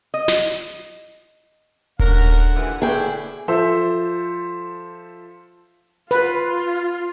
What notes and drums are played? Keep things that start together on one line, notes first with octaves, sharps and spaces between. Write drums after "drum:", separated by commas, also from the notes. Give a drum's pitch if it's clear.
D#5
drum: snare
D3 A#3 C#4 A#4 F#5, drum: kick D#1
D#2 A#2 E3
A2 D3 E4 G#4 G5
F3 A4 C5 E5
F4 B4, drum: hi-hat